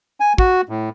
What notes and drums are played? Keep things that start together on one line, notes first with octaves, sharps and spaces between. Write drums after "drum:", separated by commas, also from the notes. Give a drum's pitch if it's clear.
G#5
F#4, drum: kick
A2